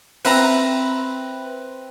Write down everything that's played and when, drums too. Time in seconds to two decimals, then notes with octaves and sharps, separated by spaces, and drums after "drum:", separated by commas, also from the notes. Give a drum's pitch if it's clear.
0.25 C4 B4 E5 A#5, drum: open hi-hat